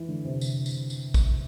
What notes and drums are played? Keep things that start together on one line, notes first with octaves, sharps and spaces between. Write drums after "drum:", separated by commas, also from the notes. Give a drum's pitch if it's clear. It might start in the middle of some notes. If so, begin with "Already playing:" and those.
Already playing: E3
D3
C3
drum: tambourine
drum: tambourine
drum: tambourine
drum: kick, tambourine